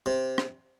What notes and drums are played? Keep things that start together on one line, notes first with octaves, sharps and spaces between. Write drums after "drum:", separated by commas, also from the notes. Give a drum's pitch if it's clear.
C3
drum: rim click